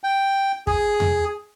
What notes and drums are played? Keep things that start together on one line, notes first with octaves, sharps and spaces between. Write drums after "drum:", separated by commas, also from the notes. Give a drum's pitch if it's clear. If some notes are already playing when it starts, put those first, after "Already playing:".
G5
G#4, drum: kick
drum: tom E2